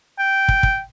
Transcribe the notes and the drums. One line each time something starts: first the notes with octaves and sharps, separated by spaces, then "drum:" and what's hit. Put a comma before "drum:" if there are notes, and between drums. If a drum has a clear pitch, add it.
G5
drum: kick
drum: kick